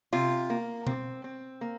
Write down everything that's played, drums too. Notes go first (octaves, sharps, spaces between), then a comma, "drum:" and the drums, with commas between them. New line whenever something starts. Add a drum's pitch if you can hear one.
C3 F4, drum: open hi-hat
A#3
C4, drum: tom B2
C4
A#3